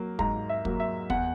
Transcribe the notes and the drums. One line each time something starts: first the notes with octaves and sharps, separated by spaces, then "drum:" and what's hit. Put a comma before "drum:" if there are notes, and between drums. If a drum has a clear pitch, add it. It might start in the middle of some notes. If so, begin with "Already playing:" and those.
Already playing: F#3 A#3
G#2 A#5, drum: kick
E5
F#3 A#3, drum: kick
E5
E2 F#5, drum: kick